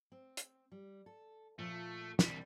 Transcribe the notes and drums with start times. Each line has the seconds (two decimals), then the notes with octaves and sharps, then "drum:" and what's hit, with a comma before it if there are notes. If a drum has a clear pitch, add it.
0.12 C4
0.37 drum: hi-hat
0.72 G3
1.06 A4
1.59 A#2 F3 A3 F4
2.19 C2 B2 D3 E3 G3, drum: snare